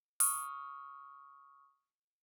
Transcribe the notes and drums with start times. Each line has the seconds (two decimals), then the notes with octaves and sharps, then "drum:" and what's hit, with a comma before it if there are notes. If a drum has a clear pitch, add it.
0.20 C#6 D#6 F6, drum: open hi-hat